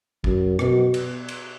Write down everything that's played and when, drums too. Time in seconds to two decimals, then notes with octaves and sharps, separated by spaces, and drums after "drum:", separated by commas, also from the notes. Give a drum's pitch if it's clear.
0.24 F#2, drum: kick
0.59 B2, drum: rim click
0.94 drum: cymbal
1.28 drum: cymbal